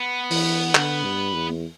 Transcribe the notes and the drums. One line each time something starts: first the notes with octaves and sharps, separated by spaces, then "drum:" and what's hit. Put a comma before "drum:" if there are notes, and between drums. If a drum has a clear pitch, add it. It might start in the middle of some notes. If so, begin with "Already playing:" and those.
Already playing: B3
E3, drum: open hi-hat
D3, drum: clap
G2
E2